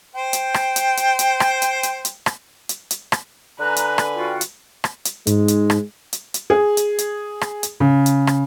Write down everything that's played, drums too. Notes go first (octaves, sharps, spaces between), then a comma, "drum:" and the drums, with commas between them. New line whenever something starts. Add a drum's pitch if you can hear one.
C5 G5
drum: hi-hat
drum: rim click
drum: hi-hat
drum: hi-hat
drum: hi-hat
drum: rim click
drum: hi-hat
drum: hi-hat
drum: hi-hat
drum: rim click
drum: hi-hat
drum: hi-hat
drum: rim click
D3 B4 G#5 A#5 F#6
drum: hi-hat
drum: rim click
F4 F#4 G5
drum: hi-hat
drum: rim click
drum: hi-hat
G#2 G#3, drum: hi-hat
drum: hi-hat
drum: rim click
drum: hi-hat
drum: hi-hat
G#4
drum: hi-hat
drum: hi-hat
drum: rim click
drum: hi-hat
C#3
drum: hi-hat
drum: rim click